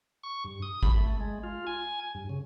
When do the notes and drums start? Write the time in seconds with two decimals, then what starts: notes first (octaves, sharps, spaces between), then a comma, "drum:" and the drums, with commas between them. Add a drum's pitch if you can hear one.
0.23 C#6
0.44 G2
0.62 D#6
0.83 B5, drum: kick G#1
0.97 A3
1.20 G#3
1.43 F4
1.67 G#5
2.15 G2
2.29 C#3